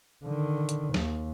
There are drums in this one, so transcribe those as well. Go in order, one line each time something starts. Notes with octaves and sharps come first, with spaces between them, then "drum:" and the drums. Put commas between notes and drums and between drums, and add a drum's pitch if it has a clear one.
D3 D#3
drum: hi-hat
D#2, drum: snare